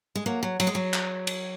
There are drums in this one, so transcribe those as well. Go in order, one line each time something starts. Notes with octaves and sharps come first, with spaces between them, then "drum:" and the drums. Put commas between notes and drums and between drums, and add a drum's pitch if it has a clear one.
G#3
F#3 A#3
F#3
F#3, drum: cymbal
G#3
F#3
drum: clap
drum: cymbal